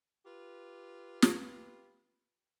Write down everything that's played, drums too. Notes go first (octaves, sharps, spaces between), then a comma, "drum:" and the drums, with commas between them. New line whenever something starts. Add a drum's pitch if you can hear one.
F4 G4 B4
drum: snare